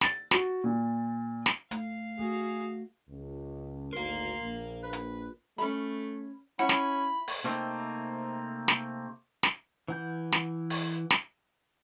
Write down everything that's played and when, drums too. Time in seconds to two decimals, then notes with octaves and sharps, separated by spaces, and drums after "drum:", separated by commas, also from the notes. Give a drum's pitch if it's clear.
0.01 A6, drum: snare
0.31 F#4, drum: snare
0.64 A#2
1.46 drum: snare
1.71 A3 F5, drum: hi-hat
2.19 A3 F#4 G#4
3.08 C#2
3.93 G#1 D2 A#4 F5 C6
4.42 A#1
4.83 B4
4.93 drum: hi-hat
5.58 A3 C#4 B5
6.59 C#4 E4 F#5 B5
6.69 drum: snare
7.28 drum: open hi-hat
7.44 C3 A3 A#3 C4 D#4
8.68 drum: snare
9.43 drum: snare
9.88 E3 F#5 G6
10.33 drum: snare
10.70 drum: open hi-hat
11.11 drum: snare